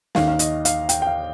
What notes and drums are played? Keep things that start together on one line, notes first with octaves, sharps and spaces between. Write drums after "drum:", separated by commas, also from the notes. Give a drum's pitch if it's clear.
D#2 D#3 F5, drum: snare
F5
D#5, drum: hi-hat
F5, drum: hi-hat
G5, drum: hi-hat
G5
F5